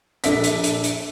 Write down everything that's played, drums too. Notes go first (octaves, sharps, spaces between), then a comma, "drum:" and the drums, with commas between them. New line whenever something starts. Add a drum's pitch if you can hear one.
A#1 D4 A4 E5 B6, drum: hi-hat
drum: hi-hat
drum: hi-hat
drum: hi-hat